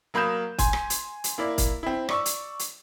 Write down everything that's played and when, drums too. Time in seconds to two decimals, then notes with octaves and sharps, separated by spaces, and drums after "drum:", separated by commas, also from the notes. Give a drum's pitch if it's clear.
0.14 F#3 A#3 B5 D#6 G6 E7
0.59 G#5 C6, drum: kick, hi-hat
0.73 drum: rim click
0.90 drum: hi-hat
1.24 drum: hi-hat
1.38 A#3 E4 D5
1.58 drum: kick, hi-hat
1.83 C4 E4
2.09 D5 C#6 E6, drum: rim click
2.26 drum: hi-hat
2.59 drum: hi-hat